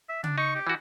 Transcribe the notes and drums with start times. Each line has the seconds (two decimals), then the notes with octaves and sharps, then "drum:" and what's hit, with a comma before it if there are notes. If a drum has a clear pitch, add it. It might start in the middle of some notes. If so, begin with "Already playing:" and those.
0.09 E5
0.24 D4, drum: tom C#3
0.38 D#4 C#6
0.55 G4
0.67 E3 F#4